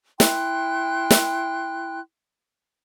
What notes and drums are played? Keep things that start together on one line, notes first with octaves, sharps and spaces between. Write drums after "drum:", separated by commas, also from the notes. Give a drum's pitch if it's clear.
E4 G5 C6 F#6, drum: snare
drum: snare